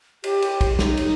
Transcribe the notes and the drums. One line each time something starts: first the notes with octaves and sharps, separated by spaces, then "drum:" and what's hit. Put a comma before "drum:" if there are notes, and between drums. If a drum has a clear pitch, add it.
G4, drum: cymbal
drum: cymbal
drum: kick, cymbal
D#4, drum: snare
drum: cymbal